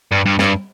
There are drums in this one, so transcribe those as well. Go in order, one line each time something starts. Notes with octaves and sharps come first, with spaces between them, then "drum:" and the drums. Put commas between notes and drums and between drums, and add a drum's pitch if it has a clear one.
G2
G2
G2, drum: snare